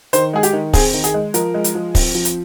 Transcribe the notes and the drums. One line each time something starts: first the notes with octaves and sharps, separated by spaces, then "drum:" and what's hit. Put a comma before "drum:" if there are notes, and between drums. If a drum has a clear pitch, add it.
D#3 C5, drum: hi-hat
G#3 G#4
G4, drum: hi-hat
D#3
C4 G#4, drum: kick, open hi-hat
D#3
G#4, drum: hi-hat
G#3
F3 A#4, drum: hi-hat
G#3
drum: hi-hat
F3
C4, drum: kick, open hi-hat
F3
drum: hi-hat